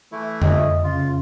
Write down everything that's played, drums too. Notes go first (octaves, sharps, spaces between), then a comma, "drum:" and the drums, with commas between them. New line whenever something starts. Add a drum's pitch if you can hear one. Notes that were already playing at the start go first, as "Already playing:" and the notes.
E3 A3 E4
D#5, drum: tom F2
C#3 F4